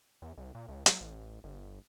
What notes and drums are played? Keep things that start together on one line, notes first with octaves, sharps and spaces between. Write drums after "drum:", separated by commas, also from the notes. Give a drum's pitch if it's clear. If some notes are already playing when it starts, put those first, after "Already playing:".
E2
C2
A#2
C#2
F#3, drum: hi-hat
A1
G1